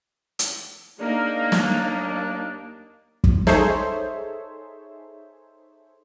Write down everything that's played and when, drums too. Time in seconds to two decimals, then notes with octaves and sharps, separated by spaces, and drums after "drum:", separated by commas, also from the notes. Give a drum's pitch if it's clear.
0.39 drum: hi-hat
1.00 A#3 D4 D#4 G#4 A#4
1.52 D#2 F#3 D4, drum: snare
3.24 drum: kick
3.47 D#4 G#4 A4 C5 C#5 E5, drum: snare